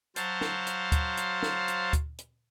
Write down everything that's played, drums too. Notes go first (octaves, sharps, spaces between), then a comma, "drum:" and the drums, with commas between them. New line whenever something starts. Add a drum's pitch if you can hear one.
F#3 C5 F5 A5, drum: hi-hat
drum: snare
drum: hi-hat
drum: kick D2, hi-hat
drum: hi-hat
drum: snare
drum: hi-hat
drum: kick D2, hi-hat
drum: hi-hat